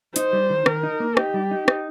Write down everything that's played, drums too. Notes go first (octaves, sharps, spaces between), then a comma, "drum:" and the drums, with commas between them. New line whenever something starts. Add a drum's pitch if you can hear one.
D#4 C5, drum: hi-hat
G3
D#3
D#3 A#4, drum: rim click
D#4
A#3
D#4 G4, drum: rim click
G3
D#4
D#4, drum: rim click